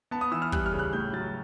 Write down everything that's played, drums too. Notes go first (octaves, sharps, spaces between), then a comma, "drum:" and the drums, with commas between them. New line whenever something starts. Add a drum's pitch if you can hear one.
B3 A5
D#6
E3 E6
F6
G3 F#6, drum: kick
F6
C#3
F#6
A2 G6
F#3 A6